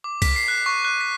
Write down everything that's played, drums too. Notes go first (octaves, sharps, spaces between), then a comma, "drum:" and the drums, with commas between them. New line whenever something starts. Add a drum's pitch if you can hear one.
D6
B6, drum: kick, cymbal
C7
F#6
C#6
F#6
B6